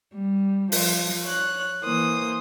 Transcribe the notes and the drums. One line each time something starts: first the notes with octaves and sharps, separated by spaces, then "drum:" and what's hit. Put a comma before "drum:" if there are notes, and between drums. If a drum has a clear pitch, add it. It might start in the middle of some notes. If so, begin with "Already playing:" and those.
G3
F3, drum: open hi-hat
C#5 F#6
E3 A#3 C5 D#6